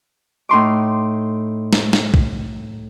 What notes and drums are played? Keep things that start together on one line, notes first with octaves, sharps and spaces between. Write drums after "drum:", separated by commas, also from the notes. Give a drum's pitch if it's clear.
A2 D#4 C6 D6
drum: snare
drum: snare
drum: kick